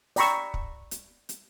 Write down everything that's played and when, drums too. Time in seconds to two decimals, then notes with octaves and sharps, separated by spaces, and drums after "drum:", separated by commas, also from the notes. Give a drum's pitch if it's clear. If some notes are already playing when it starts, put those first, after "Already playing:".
0.16 D5 G5 A#5 B5 C#6 E6, drum: open hi-hat
0.54 drum: kick
0.91 drum: hi-hat
1.29 drum: hi-hat